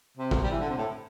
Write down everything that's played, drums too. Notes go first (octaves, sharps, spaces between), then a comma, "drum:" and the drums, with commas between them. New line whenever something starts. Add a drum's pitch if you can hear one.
C3
drum: kick
G3
E3
D3
C3
A2